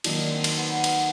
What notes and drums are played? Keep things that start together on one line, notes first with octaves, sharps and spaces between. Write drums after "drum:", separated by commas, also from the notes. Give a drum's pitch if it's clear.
D#3 F#3 A#3 D4 D#4, drum: cymbal
C4
drum: cymbal
B3
B3, drum: cymbal